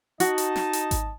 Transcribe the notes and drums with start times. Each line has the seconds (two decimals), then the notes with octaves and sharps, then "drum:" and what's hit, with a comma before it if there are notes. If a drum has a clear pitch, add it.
0.20 D#4 F#4 D#5 A5, drum: hi-hat
0.38 drum: hi-hat
0.56 drum: snare
0.73 drum: hi-hat
0.91 drum: kick G#1, hi-hat